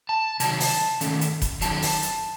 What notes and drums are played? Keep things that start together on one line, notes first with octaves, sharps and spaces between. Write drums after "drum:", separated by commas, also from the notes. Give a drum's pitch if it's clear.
A5
C3 D#3 F#3 A5, drum: hi-hat
drum: open hi-hat
D#3 A3 C#4, drum: hi-hat
drum: hi-hat
drum: kick F1, hi-hat
F#2 D#3 F#3 A5, drum: hi-hat
drum: open hi-hat
drum: hi-hat